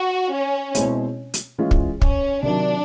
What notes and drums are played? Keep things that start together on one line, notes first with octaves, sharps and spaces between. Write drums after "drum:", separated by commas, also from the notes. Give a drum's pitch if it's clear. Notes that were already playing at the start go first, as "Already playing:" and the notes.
Already playing: F#4
C#4
B2 G#3 C4 E4, drum: hi-hat
drum: hi-hat
E3 G#3 C#4 F4
drum: kick
C#4, drum: kick
C3 D#3 F#3 D4